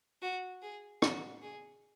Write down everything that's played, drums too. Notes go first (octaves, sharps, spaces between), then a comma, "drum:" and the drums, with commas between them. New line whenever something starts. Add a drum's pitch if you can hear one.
F#4
G#4
F#4, drum: rim click
G#4